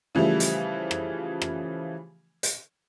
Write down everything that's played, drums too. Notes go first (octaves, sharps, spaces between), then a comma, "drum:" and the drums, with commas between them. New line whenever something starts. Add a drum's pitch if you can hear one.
C#3 E3 F3 G3 A3
drum: hi-hat
drum: rim click
drum: rim click
drum: hi-hat